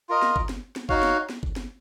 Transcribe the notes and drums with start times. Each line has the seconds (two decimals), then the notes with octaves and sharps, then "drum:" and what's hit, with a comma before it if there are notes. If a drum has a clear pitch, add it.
0.09 F4 A#4 D#5
0.22 drum: snare
0.36 drum: kick G1
0.49 drum: snare
0.76 drum: snare
0.89 D#4 F#4 C#5 F5, drum: kick G1
1.03 drum: snare
1.30 drum: snare
1.43 drum: kick G1
1.56 drum: snare